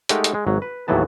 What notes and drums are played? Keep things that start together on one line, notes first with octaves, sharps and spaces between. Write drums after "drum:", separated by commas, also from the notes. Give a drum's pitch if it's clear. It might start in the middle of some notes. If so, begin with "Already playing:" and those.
G#3 A3 D#4 G4 A#4 F#5, drum: hi-hat
drum: hi-hat
G#3
G#1 F#3
B4
D#2 A2 E3 F#3 B3 A5